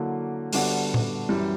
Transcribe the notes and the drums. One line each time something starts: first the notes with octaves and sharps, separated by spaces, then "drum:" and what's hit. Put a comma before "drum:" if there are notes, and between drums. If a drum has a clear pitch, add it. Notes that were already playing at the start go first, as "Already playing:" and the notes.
Already playing: D3 F#3 A#3 E4
D3 G3 B3 D4 F#4, drum: open hi-hat
drum: tom A#2
F#2 E3 G3